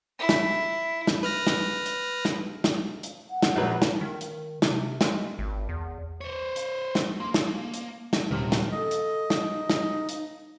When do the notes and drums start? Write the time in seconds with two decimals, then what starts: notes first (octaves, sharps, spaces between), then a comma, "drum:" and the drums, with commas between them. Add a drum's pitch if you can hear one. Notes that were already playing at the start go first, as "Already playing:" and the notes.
0.19 E4
0.29 drum: snare
1.07 drum: snare
1.23 B4 F6 A#6
1.47 drum: snare
1.86 drum: hi-hat
2.25 drum: snare
2.64 drum: snare
3.03 drum: hi-hat
3.30 F#5
3.43 drum: snare
3.56 A#1 F#3 B4
3.82 drum: snare
4.01 D#3
4.21 drum: hi-hat
4.62 C3, drum: snare
5.01 G#3, drum: snare
5.39 G#1
5.69 E2
6.21 C5 C#5
6.56 drum: hi-hat
6.95 drum: snare
7.20 A#3 C6
7.34 drum: snare
7.74 drum: hi-hat
8.13 drum: snare
8.31 D#1 C3 F6
8.52 drum: snare
8.71 A4 D#5
8.91 drum: hi-hat
9.30 drum: snare
9.50 D#4
9.70 drum: snare
10.09 drum: hi-hat